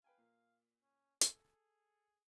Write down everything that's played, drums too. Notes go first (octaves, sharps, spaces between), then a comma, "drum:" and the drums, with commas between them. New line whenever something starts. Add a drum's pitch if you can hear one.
B4 F5 G5 G#5
A#2 A#3
C#4
G#4 A4, drum: hi-hat